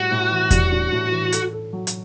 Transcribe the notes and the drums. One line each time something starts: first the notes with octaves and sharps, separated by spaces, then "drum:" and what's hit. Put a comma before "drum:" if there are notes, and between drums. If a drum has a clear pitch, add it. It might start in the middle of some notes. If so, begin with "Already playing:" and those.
Already playing: A2 G3 F#4
A2
E3
G3, drum: kick E2, hi-hat
D4
A2
E3
A4, drum: hi-hat
A4
F#3
drum: hi-hat